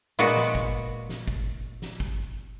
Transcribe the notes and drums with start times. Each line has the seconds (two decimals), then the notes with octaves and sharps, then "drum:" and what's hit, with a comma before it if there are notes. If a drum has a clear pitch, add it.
0.19 A#2 G#3 B3 F#4
0.37 drum: snare
0.55 drum: kick G1
1.09 drum: snare
1.28 drum: kick G1
1.82 drum: snare
2.00 drum: kick G1